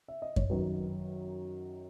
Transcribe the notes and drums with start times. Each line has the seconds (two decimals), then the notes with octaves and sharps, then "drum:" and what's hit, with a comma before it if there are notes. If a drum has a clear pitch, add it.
0.08 E5
0.22 D#5
0.36 C#5, drum: kick F#2
0.50 F#2 D#3 F#3 B4